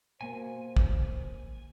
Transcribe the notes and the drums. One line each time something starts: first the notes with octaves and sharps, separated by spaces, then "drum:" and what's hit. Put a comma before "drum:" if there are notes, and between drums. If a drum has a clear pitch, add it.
B2 A#3 C5 G#5
drum: kick